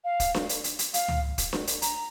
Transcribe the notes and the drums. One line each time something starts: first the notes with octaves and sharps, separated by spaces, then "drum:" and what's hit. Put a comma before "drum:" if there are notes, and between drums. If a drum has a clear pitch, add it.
F5
drum: kick, hi-hat
drum: snare D4
drum: hi-hat
drum: hi-hat
drum: hi-hat
F5, drum: hi-hat
drum: tom C#2
drum: kick, hi-hat
drum: snare D4
drum: hi-hat
A#5, drum: hi-hat